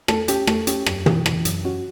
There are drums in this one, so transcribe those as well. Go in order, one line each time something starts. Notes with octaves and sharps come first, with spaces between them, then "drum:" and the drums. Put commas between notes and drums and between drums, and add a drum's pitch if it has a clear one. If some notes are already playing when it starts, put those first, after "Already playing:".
A3 A4, drum: rim click
C#4 G4, drum: hi-hat
A3 A4, drum: rim click
C#4 G4, drum: hi-hat
F#2, drum: rim click
E3, drum: tom
E3, drum: rim click
F#2, drum: hi-hat
C#4 F#4